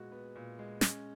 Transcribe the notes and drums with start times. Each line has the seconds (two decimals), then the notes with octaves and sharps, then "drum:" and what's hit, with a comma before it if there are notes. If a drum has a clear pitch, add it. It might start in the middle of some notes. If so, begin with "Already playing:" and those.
Already playing: A#2 G#3 B3 F#4
0.12 B3
0.36 A#2
0.59 G#3
0.81 C#4, drum: snare